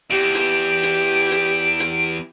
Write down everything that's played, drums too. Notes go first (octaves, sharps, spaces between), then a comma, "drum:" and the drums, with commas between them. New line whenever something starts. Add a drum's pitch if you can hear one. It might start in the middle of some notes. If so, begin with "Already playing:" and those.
E2 G4 D7
drum: hi-hat
drum: hi-hat
drum: hi-hat
drum: hi-hat